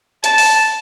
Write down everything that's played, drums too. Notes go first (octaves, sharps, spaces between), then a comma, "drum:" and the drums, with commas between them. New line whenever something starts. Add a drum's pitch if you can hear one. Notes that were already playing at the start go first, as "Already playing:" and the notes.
A5, drum: hi-hat
drum: open hi-hat